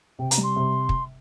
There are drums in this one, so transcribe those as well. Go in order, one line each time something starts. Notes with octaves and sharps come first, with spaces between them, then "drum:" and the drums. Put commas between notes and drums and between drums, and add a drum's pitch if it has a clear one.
C3 G5
A#5, drum: hi-hat
G3
C6
C3
drum: kick